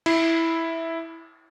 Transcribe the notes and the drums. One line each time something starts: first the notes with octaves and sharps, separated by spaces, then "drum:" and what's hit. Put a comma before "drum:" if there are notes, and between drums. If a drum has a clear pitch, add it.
E4, drum: cymbal